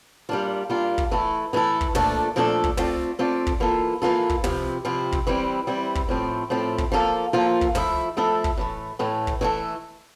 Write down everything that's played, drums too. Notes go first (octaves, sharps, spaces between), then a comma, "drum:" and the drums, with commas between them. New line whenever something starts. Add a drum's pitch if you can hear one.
G3 A#3 D4 F4
G3 A#3 D4 F4
drum: kick
E3 A3 E4 A4
E3 A3 E4 A4
drum: kick
A#2 F3 A3 D4 A4, drum: tom
A#2 F3 A3 D4 A4
drum: kick
A3 C4 F4 A4 D5, drum: tom
A3 C4 F4 A4 D5
drum: kick
E3 A#3 F4 A4
E3 A#3 F4 A4
drum: kick
C3 F3 C4 E4, drum: tom
C3 F3 C4 E4
drum: kick
E3 G3 C4 E4
E3 G3 C4 E4
drum: kick
A2 F3 A3 C4
A2 F3 A3 C4
drum: kick
F3 A#3 F4 A4
F3 A#3 F4 A4
drum: kick
F3 A3 E4 A4 E5, drum: tom
F3 A3 E4 A4 E5
drum: kick
A2 E3 A3
A2 E3 A3
drum: kick
E3 A3 E4 A4 E5